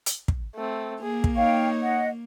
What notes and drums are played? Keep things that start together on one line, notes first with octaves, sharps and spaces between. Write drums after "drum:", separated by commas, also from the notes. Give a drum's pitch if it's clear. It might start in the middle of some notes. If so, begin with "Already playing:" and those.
drum: hi-hat
drum: kick
A3 C4
A#3 G#4
drum: kick
D#4 C#5 F5 G5
D#5 F#5